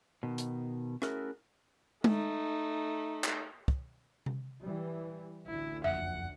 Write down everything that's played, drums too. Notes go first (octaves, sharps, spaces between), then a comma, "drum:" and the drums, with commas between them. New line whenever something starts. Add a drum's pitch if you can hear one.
B2 D#3
drum: hi-hat
A3 C#4 E4 F#4 G#4 A#4, drum: rim click
A3 D#4, drum: tom G#3
drum: clap
drum: kick
drum: tom C3
E3 G3
A1 D2 E4
F#1 F2 E5 F#5